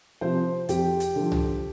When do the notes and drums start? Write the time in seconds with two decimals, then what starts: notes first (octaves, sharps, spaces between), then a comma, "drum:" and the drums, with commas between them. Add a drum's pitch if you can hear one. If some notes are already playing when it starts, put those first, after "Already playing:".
0.21 C3 F3 C5
0.69 F2 G4, drum: hi-hat
1.00 drum: hi-hat
1.16 D3 F3
1.32 drum: tom C2